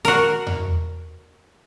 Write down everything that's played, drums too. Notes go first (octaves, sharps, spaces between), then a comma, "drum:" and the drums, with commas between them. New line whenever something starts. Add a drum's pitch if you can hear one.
F#4 A#4, drum: hi-hat
drum: tom E2